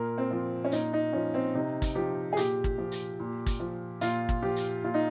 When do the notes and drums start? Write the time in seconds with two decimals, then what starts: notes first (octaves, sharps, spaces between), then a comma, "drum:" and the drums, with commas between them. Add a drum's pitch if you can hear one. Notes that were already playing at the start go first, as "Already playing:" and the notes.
Already playing: A#2 A#4
0.18 C4
0.31 F3
0.64 C#4
0.72 A#2 D#4, drum: hi-hat
0.93 D#4
1.13 F3 C#4
1.34 C4
1.54 C3 D#4
1.82 drum: kick, hi-hat
1.95 F3 G4
2.33 G#4
2.37 A#2 G4, drum: hi-hat
2.64 drum: kick
2.78 F3
2.92 drum: hi-hat
3.19 A#2
3.46 drum: kick, hi-hat
3.60 F3
4.01 A#2 F4, drum: hi-hat
4.29 drum: kick
4.42 F3 G4
4.56 drum: hi-hat
4.84 A#2 F4
4.94 D#4